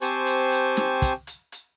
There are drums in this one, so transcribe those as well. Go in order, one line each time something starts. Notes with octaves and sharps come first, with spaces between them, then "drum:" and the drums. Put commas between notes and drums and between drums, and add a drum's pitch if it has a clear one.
C4 G4 C5 G#5 A5 C#6, drum: hi-hat
drum: hi-hat
drum: hi-hat
drum: snare
drum: kick, hi-hat
drum: hi-hat
drum: hi-hat